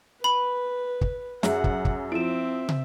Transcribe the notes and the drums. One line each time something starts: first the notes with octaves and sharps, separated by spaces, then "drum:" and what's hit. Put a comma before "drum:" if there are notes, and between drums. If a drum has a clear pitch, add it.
B4 B5
drum: kick
F#2 G#4 E5 F#5, drum: snare
drum: kick
drum: kick
F3 C4 E4 E5 D7 E7
drum: tom